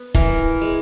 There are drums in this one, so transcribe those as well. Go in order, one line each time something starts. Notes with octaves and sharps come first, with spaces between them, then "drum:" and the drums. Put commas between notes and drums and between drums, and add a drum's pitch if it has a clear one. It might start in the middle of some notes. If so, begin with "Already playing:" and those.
Already playing: B3
E3 A#4, drum: kick
G#3